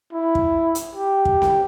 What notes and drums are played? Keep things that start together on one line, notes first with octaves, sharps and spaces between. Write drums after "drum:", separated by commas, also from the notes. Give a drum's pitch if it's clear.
E4
drum: kick
drum: hi-hat
G4
drum: kick
drum: snare C4